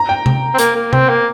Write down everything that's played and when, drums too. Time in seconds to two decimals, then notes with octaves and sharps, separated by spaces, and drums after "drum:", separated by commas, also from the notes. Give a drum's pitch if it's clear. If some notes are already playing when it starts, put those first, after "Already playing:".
Already playing: A#5
0.09 G5
0.26 drum: tom C3
0.54 C4
0.58 A#3, drum: hi-hat
0.76 A#3
0.93 C4, drum: tom C3
1.09 A#3